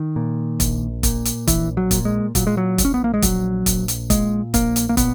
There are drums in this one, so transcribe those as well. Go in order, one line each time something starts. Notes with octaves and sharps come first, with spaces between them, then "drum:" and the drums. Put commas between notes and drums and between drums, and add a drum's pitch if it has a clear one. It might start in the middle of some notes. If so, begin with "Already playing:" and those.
Already playing: D#3
A#2
A#1, drum: kick, hi-hat
A#2, drum: kick, hi-hat
drum: hi-hat
A#1 E3, drum: kick, hi-hat
F#3
A#2, drum: kick, hi-hat
G#3
A#2 F#3, drum: kick, hi-hat
G#3
F#3
A#1, drum: kick, hi-hat
C#4
B3
A#3
G#3
A#1 F#3, drum: kick, hi-hat
A#1, drum: kick, hi-hat
drum: hi-hat
A#2 G#3, drum: kick, hi-hat
A#1 A#3, drum: kick, hi-hat
drum: hi-hat
A#3
A#2 B3, drum: kick, hi-hat